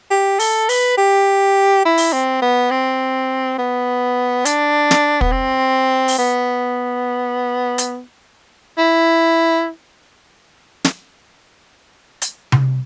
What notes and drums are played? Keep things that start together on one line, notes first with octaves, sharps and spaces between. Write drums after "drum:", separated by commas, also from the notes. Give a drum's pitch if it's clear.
G4
A4, drum: open hi-hat
B4, drum: open hi-hat
G4
E4
drum: open hi-hat
C4
B3
C4
B3
D4, drum: hi-hat
drum: snare
B3, drum: kick
C4
drum: open hi-hat
B3
drum: hi-hat
E4
drum: snare
drum: hi-hat
drum: tom C3